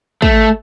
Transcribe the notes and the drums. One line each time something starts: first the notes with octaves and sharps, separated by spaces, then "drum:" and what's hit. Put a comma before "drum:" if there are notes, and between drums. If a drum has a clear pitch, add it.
A3, drum: kick